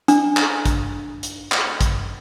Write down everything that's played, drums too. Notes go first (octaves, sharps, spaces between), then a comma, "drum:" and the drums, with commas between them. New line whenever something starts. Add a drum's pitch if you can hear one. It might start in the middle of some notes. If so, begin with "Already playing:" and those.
D4, drum: hi-hat
drum: clap
drum: kick, hi-hat
drum: hi-hat
drum: clap
drum: kick, hi-hat